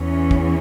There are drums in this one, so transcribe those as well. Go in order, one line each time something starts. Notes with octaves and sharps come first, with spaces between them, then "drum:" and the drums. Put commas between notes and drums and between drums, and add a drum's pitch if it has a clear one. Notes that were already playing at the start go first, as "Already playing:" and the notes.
Already playing: E2 E3 C#4
drum: kick